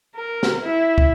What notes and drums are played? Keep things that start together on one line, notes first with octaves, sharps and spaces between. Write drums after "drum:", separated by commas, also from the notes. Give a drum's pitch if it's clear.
A#4
drum: snare
E4
drum: kick